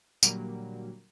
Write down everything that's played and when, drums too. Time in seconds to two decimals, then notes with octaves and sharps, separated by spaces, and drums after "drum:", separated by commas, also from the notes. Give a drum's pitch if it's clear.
0.23 A#2 D3 F#3 G3 A#3, drum: tambourine